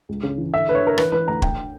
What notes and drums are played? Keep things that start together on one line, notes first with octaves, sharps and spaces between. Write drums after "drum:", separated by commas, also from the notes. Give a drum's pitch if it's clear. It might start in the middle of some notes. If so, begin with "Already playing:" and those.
C#2
C#3
E3
D3 E5
D3 B4
C#5
D3 A#4
E3 B4, drum: rim click
E3 B4
D2 A#5
D2 G5, drum: kick